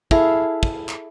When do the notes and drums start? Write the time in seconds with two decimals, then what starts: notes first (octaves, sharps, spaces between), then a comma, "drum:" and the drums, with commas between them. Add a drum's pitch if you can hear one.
0.11 E4 G#4 A4 F5, drum: kick
0.63 drum: kick
0.89 drum: clap